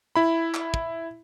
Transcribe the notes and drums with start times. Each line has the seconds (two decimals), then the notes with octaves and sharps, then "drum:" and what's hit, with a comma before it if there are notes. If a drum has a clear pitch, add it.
0.16 E4 B5
0.54 drum: clap
0.74 drum: kick